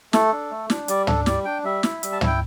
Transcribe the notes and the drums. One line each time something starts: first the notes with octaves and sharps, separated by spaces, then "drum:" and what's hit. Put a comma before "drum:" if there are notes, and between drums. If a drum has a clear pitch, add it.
A3 A4, drum: snare
D4
A3
D4, drum: snare
G3 D5, drum: hi-hat
D4 A4, drum: tom
G3 D5, drum: snare
D4 G5
G3 E5
E4, drum: snare
G3, drum: hi-hat
A5
E4, drum: tom
G5